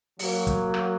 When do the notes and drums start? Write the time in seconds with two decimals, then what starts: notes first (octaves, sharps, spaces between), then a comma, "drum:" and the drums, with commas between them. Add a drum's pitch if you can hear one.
0.19 F#3 A#3, drum: open hi-hat
0.47 drum: kick, hi-hat
0.74 drum: rim click